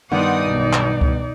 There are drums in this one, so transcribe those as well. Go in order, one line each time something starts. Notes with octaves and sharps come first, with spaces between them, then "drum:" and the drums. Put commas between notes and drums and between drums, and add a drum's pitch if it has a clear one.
G2 D#3 B3 D#4 D5 F#5 C6 D#6
B1 B2
drum: clap
drum: kick C#2